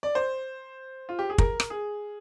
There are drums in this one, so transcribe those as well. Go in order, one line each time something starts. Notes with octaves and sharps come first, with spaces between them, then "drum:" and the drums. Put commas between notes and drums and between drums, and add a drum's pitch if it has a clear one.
D5
C5
F4
G4
G#4
A#4, drum: kick
drum: rim click
G#4